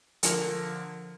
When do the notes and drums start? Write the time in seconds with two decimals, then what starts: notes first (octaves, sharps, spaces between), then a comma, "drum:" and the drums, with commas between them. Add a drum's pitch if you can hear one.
0.23 D3 F3 A#4, drum: hi-hat